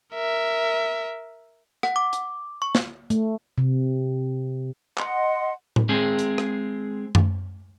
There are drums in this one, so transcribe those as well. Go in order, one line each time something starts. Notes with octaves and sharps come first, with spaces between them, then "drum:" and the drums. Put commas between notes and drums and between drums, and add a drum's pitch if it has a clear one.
A#4 E5
F#5, drum: rim click
D6
drum: hi-hat
C#6
drum: snare
A3, drum: hi-hat
C3
D#5 F#5 C6, drum: clap
drum: tom A2
G#3 C4 G#4
drum: hi-hat
drum: rim click
drum: tom F#2